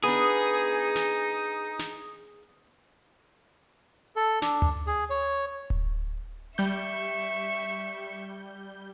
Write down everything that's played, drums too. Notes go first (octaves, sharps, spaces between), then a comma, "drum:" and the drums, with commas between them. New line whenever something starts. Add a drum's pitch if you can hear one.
B3 D4 D#4 G#4 D#6, drum: hi-hat
drum: snare
drum: snare
A4
D4, drum: snare
drum: tom D2
G#4, drum: open hi-hat
C#5
drum: kick D1
G3 E5 C#6 G6